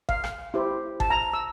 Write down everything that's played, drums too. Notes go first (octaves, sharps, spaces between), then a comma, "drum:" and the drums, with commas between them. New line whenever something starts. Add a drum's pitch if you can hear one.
F5, drum: kick G1
drum: rim click
E4 G4 C5
A5, drum: kick G1
A#5
E6